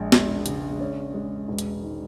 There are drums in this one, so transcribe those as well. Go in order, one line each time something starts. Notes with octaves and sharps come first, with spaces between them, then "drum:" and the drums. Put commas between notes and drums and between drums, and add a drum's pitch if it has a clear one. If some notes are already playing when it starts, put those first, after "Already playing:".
Already playing: A#1 G#3
E1, drum: snare
C#3, drum: hi-hat
C#4
G#3
E1
drum: hi-hat
D#3